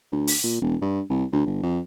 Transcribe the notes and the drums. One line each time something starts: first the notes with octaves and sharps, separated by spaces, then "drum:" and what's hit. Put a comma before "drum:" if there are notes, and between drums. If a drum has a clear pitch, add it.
D2
drum: open hi-hat
A#2
E1
G2
C2
D2
G1
F2